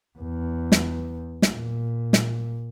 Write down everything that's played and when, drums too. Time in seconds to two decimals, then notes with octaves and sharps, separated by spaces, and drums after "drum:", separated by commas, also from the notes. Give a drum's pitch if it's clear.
0.19 E2
0.72 drum: snare
1.42 drum: snare
1.51 A#2
2.13 drum: snare